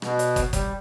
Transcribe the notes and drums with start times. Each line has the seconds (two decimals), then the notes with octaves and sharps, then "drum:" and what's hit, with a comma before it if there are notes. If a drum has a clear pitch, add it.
0.02 B2, drum: rim click
0.19 drum: hi-hat
0.36 drum: kick, hi-hat
0.53 G3, drum: kick, hi-hat